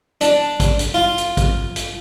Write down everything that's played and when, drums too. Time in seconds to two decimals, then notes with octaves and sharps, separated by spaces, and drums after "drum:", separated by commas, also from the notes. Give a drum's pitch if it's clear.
0.21 D4, drum: hi-hat
0.60 drum: kick A1, hi-hat
0.79 drum: hi-hat
0.94 F4
1.18 drum: hi-hat
1.37 drum: kick A1, hi-hat
1.76 drum: hi-hat